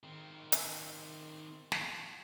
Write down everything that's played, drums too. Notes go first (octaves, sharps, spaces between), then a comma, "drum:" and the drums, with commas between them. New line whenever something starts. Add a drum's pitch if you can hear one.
D#3 C4
drum: hi-hat
drum: snare